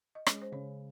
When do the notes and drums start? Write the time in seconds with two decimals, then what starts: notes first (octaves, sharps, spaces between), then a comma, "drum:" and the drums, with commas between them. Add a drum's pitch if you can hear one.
0.15 D#5
0.26 G#3 C#4 C#5, drum: rim click
0.42 C5
0.52 C#3 C#4 C#5